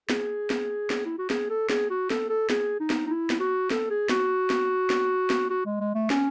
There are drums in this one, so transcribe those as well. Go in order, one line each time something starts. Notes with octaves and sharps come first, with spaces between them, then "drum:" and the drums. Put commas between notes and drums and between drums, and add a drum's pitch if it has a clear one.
G#4, drum: snare
drum: snare
drum: snare
E4
F#4
G#4, drum: snare
A4
G#4, drum: snare
F#4
A4, drum: snare
A4
G#4, drum: snare
D#4
drum: snare
D#4
E4
drum: snare
F#4
A4, drum: snare
G#4
F#4, drum: snare
drum: snare
drum: snare
drum: snare
F#4
G#3
G#3
A3
C#4, drum: snare